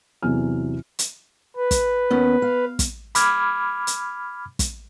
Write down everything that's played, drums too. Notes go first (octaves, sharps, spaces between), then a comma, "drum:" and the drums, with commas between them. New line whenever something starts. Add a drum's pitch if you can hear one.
E2 C3 E3 F#3 G#5 F6
drum: hi-hat
B4
drum: kick, hi-hat
D#2 B3 C#4
F5
drum: kick, hi-hat
B5 D6 F6 G#6, drum: hi-hat
drum: hi-hat
drum: kick, hi-hat